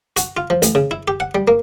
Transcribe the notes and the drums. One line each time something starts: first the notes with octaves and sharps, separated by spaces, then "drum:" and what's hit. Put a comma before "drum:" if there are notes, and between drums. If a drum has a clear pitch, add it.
F#4, drum: hi-hat
F4
F3
A1, drum: hi-hat
C#3
E4
G4
F#5
G3
A#3